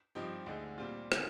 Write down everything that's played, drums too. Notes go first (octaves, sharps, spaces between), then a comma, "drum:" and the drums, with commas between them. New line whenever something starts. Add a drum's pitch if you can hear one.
G2 F3 C4 D#4 G4
D2 D3 G#3 D#4
A#2 G3 C4 F4
D3 G#3, drum: rim click